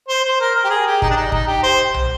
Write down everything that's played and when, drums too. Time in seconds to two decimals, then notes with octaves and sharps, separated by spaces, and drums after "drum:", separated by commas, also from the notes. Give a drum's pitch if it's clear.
0.08 C5
0.24 C5
0.40 A#4
0.55 A#4
0.64 G4
0.70 G#4
0.87 G4
1.02 D#4, drum: kick
1.10 D4
1.16 D#4
1.32 D#4, drum: kick
1.47 G4
1.63 C5
1.94 drum: tom B1